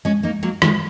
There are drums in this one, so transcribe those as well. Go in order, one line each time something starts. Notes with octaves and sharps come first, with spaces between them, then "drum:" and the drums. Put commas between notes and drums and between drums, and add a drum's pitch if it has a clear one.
G#3 C#4
A#3 D#4
F#3 A#3
D#3 G#3, drum: rim click